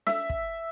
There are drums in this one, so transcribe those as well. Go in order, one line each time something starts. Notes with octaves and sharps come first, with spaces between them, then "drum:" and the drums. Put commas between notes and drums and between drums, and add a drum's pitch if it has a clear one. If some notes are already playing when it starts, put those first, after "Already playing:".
E5, drum: snare
drum: kick